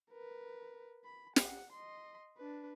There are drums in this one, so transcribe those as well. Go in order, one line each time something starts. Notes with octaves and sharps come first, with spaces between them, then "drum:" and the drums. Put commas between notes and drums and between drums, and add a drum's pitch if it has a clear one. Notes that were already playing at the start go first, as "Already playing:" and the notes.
A#4 B4
B5
F#5, drum: snare
D#5 C6
D4 B4